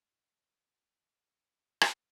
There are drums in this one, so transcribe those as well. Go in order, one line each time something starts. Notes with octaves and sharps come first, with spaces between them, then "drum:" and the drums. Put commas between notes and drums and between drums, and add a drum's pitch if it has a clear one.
F#5
G2
A#5
C#2
drum: rim click